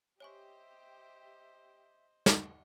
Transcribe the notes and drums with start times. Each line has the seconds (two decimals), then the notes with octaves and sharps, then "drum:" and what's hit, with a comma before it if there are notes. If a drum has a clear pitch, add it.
0.20 G4 C5 C#5 D#5 E5 G#5 C#6
2.26 drum: snare